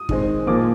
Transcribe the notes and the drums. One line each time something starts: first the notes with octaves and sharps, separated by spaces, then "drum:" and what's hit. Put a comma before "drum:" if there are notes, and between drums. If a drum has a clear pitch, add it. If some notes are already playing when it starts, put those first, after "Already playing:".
Already playing: D#6
D#3 G#3 C4, drum: kick
A#2 F3 A#3 D6